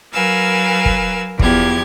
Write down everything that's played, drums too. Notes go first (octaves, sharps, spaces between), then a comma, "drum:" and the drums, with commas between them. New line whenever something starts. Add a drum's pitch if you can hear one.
F#3 A#4 B4 F5 G#5 E6
drum: kick
E2 F3 G4 G#6, drum: kick